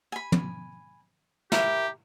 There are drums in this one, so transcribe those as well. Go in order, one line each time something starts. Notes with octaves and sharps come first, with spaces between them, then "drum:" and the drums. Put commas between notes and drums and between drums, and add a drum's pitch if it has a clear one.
G#5 B5
drum: tom
E4 G4 A#4, drum: snare